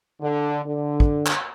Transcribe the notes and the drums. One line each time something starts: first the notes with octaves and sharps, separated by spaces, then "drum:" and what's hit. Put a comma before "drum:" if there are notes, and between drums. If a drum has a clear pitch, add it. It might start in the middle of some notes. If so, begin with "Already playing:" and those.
D3
D3
drum: kick
drum: clap